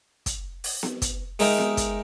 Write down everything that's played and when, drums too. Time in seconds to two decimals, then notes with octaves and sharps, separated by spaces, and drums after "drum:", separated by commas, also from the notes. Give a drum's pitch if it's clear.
0.26 drum: kick, hi-hat
0.64 drum: open hi-hat
0.83 drum: snare B3
1.02 drum: kick, hi-hat
1.39 G#3 D#4 A#4 E5 G5 A#5, drum: open hi-hat
1.58 drum: snare B3
1.77 drum: kick, hi-hat